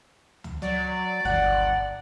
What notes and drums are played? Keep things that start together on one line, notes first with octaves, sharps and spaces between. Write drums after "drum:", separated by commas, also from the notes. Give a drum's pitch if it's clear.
drum: tom C#2
F#3 D5
G1 F#5, drum: tom C#2